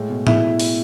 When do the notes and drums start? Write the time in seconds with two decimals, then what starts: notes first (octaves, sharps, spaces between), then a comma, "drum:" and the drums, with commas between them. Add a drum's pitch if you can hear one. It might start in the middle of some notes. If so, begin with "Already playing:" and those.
Already playing: A2 G#3
0.10 B2
0.27 B2 E4 E5, drum: tom A2
0.60 drum: open hi-hat